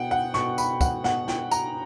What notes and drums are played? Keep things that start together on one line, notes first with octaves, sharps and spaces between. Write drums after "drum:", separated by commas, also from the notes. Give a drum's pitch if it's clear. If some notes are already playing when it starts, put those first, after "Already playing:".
Already playing: B2 F#5 G5
F#5
B2 C#6, drum: snare
B5, drum: tambourine
F#5, drum: kick, tambourine
B2 F#5, drum: snare
G5, drum: snare
A#5, drum: tambourine